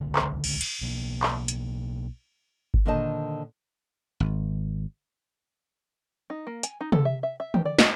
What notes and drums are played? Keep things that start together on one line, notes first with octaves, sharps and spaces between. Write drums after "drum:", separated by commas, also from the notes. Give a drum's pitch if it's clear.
D#1 G#1 C#2 D3
drum: clap
drum: cymbal
drum: cymbal
B1 B2 A#3
drum: clap
drum: hi-hat
drum: kick G1
A#2 D3 D#3 C5 D#5 A5
G#1
D#4
A#3
G#5, drum: hi-hat
D#4
A4, drum: tom
E5
E5
E5
G4, drum: tom D3
D5
D#5, drum: snare